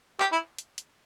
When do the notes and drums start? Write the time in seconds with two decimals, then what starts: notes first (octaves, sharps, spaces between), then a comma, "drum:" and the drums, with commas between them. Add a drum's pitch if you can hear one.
0.20 G4, drum: clap
0.32 E4
0.59 drum: hi-hat
0.78 drum: hi-hat